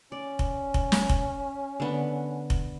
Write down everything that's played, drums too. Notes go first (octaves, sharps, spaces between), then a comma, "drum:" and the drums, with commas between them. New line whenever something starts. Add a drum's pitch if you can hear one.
C#4 D5
drum: kick F1
drum: kick F1
drum: snare
drum: kick F1
D3 B3
drum: kick F1